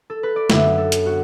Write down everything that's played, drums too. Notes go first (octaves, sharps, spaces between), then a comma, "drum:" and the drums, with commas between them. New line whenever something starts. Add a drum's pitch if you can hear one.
A4
B4
D5
F#2 D3 B3 D4 E5, drum: snare
A4
drum: hi-hat
F#4